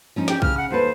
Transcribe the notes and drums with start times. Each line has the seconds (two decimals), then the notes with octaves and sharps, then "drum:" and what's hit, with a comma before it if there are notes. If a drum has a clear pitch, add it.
0.16 F3 C#4 D#4
0.28 G4, drum: snare
0.42 C#3 F6, drum: kick
0.58 F#5
0.71 D#2 A4 B4 C5